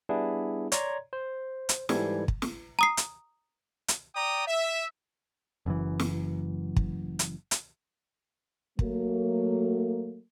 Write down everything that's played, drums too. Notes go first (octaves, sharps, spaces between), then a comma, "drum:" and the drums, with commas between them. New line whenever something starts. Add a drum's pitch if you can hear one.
G3 B3 D4 E4 G#4
C#5 D5 A#5 C6 G#6, drum: hi-hat
C5
drum: hi-hat
G#2 E3 G3 A4 G#6, drum: snare
drum: kick
drum: snare
A#5 D#6 C7
drum: hi-hat
drum: hi-hat
D5 G5 A#5 D#6
E5
F#1 F#2 B2 E3
drum: snare
drum: kick
drum: hi-hat
drum: hi-hat
F#3 A3 A#3, drum: kick